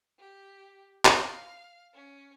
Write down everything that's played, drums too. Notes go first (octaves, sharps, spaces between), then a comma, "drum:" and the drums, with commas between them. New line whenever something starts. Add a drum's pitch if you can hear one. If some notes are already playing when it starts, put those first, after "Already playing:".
G4
F5, drum: clap
C#4